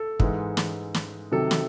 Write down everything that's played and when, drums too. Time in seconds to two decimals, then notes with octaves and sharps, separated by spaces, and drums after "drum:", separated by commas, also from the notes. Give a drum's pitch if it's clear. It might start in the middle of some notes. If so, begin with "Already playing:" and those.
Already playing: A4
0.20 G#2 E3 G#3, drum: kick
0.57 drum: snare
0.94 drum: snare
1.32 C3 D#3 F#3 A4
1.51 drum: snare